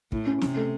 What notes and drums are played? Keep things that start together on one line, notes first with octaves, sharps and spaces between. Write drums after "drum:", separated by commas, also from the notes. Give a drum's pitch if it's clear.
A2 E4, drum: kick
C#4
C3 C#4, drum: snare
A3